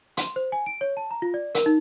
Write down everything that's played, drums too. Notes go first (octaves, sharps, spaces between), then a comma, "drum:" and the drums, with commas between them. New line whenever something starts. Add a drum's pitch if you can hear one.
C6, drum: hi-hat
C5
G#5
D7
C#5
A5
A#5
F4
D5
A#4, drum: hi-hat
D#4